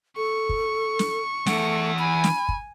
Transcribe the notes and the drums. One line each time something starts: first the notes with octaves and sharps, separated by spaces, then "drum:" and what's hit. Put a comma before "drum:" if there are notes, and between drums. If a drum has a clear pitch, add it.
A4 C#6
drum: kick
drum: snare
E3 A3 F#5, drum: snare
G#5 B5
drum: snare
drum: kick